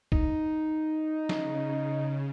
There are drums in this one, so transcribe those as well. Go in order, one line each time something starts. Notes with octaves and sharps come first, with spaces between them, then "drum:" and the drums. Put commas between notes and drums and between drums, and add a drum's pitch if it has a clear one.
D#4, drum: kick
C#3, drum: snare